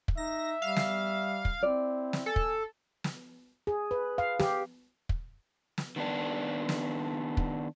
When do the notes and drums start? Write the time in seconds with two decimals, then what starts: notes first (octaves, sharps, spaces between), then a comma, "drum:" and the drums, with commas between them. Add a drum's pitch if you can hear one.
0.08 drum: kick
0.17 D#4 E5 A#6
0.62 G3 F5
0.76 drum: snare
1.45 drum: kick
1.63 C4 E4 D5
2.13 drum: snare
2.26 A4 G#5
2.36 drum: kick
3.04 drum: snare
3.67 G#4
3.91 B4
4.18 F5
4.39 G4, drum: snare
5.09 drum: kick
5.78 drum: snare
5.96 D#3 B3 D4
6.69 drum: snare
7.37 drum: kick